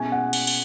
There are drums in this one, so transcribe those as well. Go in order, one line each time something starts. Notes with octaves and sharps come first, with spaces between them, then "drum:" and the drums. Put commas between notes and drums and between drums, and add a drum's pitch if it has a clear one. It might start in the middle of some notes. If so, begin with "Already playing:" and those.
Already playing: B2 G#3 C#4 E4 G#5
F#5
drum: cymbal
drum: cymbal